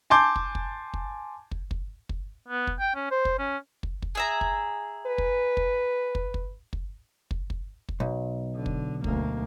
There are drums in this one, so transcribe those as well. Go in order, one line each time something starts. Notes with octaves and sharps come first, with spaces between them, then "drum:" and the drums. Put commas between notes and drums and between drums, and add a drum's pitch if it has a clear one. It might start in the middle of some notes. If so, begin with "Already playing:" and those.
G#5 A5 C6 D6 G6
drum: kick
drum: kick
drum: kick
drum: kick
drum: kick
drum: kick
B3
drum: kick
G5
C#4
C5
drum: kick
C#4
drum: kick
drum: kick
G#4 E5 A#5
drum: kick
B4
drum: kick
drum: kick
drum: kick
drum: kick
drum: kick
drum: kick
drum: kick
drum: kick
B1
D3
drum: kick
D2 A#3, drum: kick